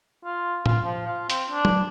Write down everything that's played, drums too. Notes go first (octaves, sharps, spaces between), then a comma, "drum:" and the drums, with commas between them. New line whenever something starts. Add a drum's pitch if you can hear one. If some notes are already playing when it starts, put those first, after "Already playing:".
F4
F4, drum: tom A2
F3
F4
C4, drum: hi-hat
D4
drum: tom F#3